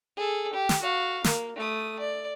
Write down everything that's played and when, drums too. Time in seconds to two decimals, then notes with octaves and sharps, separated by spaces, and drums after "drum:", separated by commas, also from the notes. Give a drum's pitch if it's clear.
0.17 G#4 A4
0.53 G4
0.69 drum: snare
0.83 F#4 F5
1.24 A#3, drum: snare
1.56 A3 D#6
2.00 D5